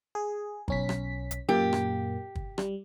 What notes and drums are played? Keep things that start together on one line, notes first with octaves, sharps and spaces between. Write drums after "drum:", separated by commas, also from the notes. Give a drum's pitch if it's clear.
G#4
B1 C#4 B6, drum: kick
drum: rim click
drum: hi-hat
F#2 A#2 A#3 G4
drum: rim click
drum: kick
G3, drum: rim click